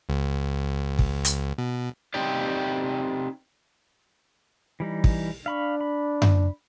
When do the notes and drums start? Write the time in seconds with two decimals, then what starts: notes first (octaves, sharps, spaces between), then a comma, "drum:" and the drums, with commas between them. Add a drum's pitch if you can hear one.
0.09 C#2
0.99 drum: kick
1.25 drum: hi-hat
1.58 B2
2.14 C4 D#4 G4 D5
4.80 E3 G3 D#4
5.04 drum: kick
5.46 D4 F5 B5 C#6
5.81 B5
6.22 drum: tom F#2